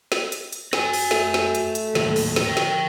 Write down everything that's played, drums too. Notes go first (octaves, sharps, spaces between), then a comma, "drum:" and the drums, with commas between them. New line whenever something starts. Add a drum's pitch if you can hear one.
drum: snare
drum: hi-hat
drum: hi-hat
F#4 G#5, drum: snare
drum: open hi-hat
A3, drum: snare
drum: snare
drum: hi-hat
drum: hi-hat
D#2 A2, drum: snare
drum: open hi-hat
drum: snare
A#4 G5
drum: snare